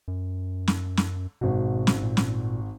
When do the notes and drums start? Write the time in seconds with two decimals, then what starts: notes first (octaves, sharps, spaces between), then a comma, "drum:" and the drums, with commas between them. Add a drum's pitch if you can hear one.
0.08 F#2
0.67 drum: snare
0.97 drum: snare
1.41 G#1 B2 F#4
1.87 drum: snare
2.03 A#2
2.17 drum: snare